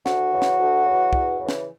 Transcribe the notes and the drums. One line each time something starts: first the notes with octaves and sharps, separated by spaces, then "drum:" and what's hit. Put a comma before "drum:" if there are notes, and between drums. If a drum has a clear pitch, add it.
D2 F#4, drum: snare
C#3 E3
drum: snare
D2
C#3 E3
E2, drum: kick
C#3 E3
drum: snare